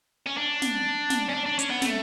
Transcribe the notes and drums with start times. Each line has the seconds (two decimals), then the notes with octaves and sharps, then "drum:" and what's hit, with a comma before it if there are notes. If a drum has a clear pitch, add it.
0.26 C#4
0.37 D4
0.62 drum: snare
1.10 drum: snare
1.29 C#4
1.34 D4
1.46 D4
1.59 C#4, drum: hi-hat
1.70 B3
1.82 A3, drum: snare